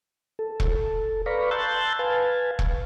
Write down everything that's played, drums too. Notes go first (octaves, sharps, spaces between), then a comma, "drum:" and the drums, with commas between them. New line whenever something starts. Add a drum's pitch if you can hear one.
A4
drum: kick E1
B4 D5 F5 A#5 B5 C#6
A5 C6 E6 F#6 G6 A6
B4 F5 G#5 A5
drum: kick E1